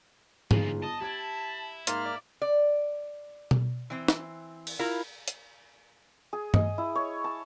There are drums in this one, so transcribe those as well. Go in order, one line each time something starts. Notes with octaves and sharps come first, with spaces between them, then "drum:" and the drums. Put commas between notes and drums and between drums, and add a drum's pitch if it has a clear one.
G1 G#2 E3 F4 G#4, drum: tom G#2
D#5 A5
E4 G4 G#6 D7
G#2 A#3 C6 F6 A6, drum: hi-hat
D5
D5
drum: tom B2
E3 C4
drum: snare
drum: cymbal
E4 F4 A#4
drum: hi-hat
G#4
D#5, drum: tom G2
E4
C#5
A5